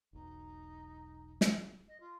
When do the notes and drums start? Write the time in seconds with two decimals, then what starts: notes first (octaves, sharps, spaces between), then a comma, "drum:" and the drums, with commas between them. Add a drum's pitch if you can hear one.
0.13 E1 B1 D#4
1.41 drum: snare
1.88 D#5
2.00 F4